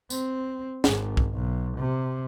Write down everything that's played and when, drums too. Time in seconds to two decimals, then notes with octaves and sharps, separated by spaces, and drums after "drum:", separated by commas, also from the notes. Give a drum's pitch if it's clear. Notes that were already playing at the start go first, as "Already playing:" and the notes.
0.10 C4, drum: tambourine
0.84 G#1, drum: snare
1.17 drum: kick
1.35 B1
1.78 C3